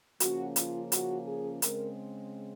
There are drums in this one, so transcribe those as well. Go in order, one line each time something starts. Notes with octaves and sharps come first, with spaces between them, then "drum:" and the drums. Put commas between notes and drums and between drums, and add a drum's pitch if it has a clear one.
C#3 F3 A#3 C#4 F#4, drum: hi-hat
F4, drum: hi-hat
F#4, drum: hi-hat
G#4
C#3 G#3 C4 A#4, drum: hi-hat